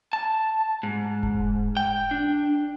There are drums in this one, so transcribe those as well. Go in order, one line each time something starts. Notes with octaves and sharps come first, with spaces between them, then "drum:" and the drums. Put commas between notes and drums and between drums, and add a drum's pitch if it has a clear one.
A5
G#2
drum: kick E1
G5
D4